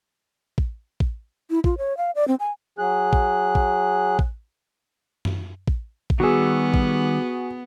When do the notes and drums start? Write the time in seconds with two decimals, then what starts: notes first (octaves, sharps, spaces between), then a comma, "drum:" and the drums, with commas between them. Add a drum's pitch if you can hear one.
0.58 drum: kick A1
1.00 drum: kick A1
1.50 E4
1.64 F4, drum: kick A1
1.78 C#5
1.97 F5
2.15 D5
2.28 C4
2.40 G#5
2.79 F#3 G#4 F#6
3.13 drum: kick A1
3.55 drum: kick A1
4.19 drum: kick A1
5.25 drum: tom
5.68 drum: kick A1
6.10 drum: kick A1
6.20 D#3 G3 B3 F#4 G#4 E6
6.74 drum: kick A1